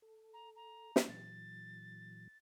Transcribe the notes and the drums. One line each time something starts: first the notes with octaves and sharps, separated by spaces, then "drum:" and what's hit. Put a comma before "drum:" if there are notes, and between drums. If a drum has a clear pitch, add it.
A4
A#5
A#5
drum: snare
A#2 E3 F#3 A6